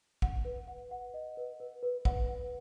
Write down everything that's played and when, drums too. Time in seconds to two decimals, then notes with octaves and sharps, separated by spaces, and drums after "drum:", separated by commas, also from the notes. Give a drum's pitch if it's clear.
0.22 F#5, drum: kick
0.45 B4
0.67 F#5
0.91 F#5
1.14 D#5
1.37 B4
1.60 B4
1.83 B4
2.05 F#5, drum: kick
2.29 F#5